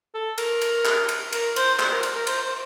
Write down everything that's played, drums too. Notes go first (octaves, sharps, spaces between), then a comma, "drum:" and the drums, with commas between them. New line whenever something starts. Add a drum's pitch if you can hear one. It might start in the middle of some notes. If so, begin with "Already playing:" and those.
A4
A#4, drum: cymbal
drum: cymbal
drum: clap
drum: cymbal
A#4, drum: cymbal
C5, drum: cymbal
C5, drum: clap
A#4
drum: cymbal
A#4
C5, drum: cymbal
C5